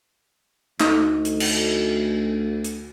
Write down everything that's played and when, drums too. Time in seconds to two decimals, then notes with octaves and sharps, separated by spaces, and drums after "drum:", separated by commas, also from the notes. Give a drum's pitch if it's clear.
0.80 D2 D#4, drum: clap
1.25 drum: hi-hat
1.40 drum: cymbal
2.64 drum: hi-hat